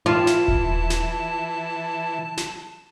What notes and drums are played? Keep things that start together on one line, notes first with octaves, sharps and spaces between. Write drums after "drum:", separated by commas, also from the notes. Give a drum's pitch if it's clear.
E3 F4 A5
drum: snare
drum: kick D#1
drum: snare
drum: snare